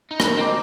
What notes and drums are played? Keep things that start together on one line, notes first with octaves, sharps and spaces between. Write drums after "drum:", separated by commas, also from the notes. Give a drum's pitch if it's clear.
D#4
D4 A#4, drum: rim click
C4 D#5 A#5 D6